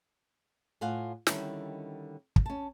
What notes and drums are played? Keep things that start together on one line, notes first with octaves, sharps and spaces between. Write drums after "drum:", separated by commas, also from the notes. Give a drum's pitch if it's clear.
A2 F4 F5 F#5 G#5
D3 D#3 G3 C#4 D4 E4, drum: snare
drum: kick
C#4 A5